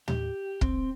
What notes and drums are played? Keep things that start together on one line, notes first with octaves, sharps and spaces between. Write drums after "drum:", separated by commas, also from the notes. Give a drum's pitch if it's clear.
G4, drum: tom
C4, drum: kick